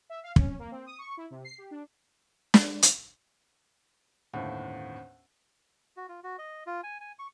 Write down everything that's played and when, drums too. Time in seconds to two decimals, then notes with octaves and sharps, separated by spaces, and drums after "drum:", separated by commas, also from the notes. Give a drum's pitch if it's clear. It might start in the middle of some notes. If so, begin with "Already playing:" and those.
0.10 E5
0.24 F5
0.36 C#4, drum: kick
0.59 A#3
0.72 C4
0.86 D#6
0.98 C#6
1.17 E4
1.31 C3
1.44 C7
1.58 G4
1.71 D4
2.54 drum: snare
2.82 drum: hi-hat
4.33 G1 D#2 A2 C#4 C5 F#5
5.97 F#4
6.09 F4
6.24 F#4
6.38 D#5
6.67 F4
6.83 G#5
7.01 G#5
7.19 C#6